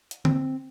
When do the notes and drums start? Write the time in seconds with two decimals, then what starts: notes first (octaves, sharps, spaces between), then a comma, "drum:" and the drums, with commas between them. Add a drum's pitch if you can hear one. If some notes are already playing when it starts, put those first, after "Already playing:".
0.11 drum: hi-hat
0.25 C4, drum: tom D3